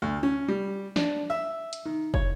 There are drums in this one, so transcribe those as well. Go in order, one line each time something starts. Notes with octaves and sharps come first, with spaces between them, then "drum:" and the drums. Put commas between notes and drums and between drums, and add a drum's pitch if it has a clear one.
D2
C#4
G3
D4, drum: snare
E5
drum: hi-hat
D#3
C#5, drum: kick